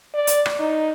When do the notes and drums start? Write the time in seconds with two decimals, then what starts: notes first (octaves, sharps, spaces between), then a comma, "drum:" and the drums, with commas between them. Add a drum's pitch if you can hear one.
0.14 D5
0.27 drum: hi-hat
0.46 drum: rim click
0.59 D#4